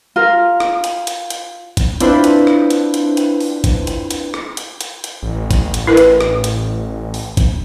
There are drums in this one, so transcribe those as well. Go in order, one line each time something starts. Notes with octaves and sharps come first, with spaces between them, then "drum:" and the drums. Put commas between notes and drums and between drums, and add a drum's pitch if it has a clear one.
F4 A#4
drum: rim click
drum: hi-hat
drum: hi-hat
drum: hi-hat
drum: kick, hi-hat
C4 D4 E4 F4 B4 C5, drum: hi-hat
drum: hi-hat
drum: rim click
drum: hi-hat
drum: hi-hat
drum: hi-hat
drum: open hi-hat
drum: kick, hi-hat
drum: hi-hat
drum: hi-hat
drum: rim click
drum: hi-hat
drum: hi-hat
drum: hi-hat
A1
drum: kick, hi-hat
drum: hi-hat
E4 A#4 B4
drum: hi-hat
drum: rim click
drum: hi-hat
drum: open hi-hat
drum: kick, hi-hat